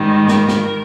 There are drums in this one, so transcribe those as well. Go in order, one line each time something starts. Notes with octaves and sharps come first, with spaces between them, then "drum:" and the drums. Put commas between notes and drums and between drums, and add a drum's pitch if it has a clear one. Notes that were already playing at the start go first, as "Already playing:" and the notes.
Already playing: G#2 D#3 G3
A#4, drum: snare
drum: snare